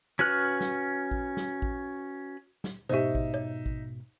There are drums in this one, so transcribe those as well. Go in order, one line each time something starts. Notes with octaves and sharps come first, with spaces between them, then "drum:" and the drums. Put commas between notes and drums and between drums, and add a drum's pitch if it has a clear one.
C#4 F#4 B4 F6 F#6
drum: snare
drum: kick A1
drum: snare
drum: kick A1
drum: snare
G#2 B2 D#4 G4 C5 E5
drum: kick A1
C#5
drum: kick A1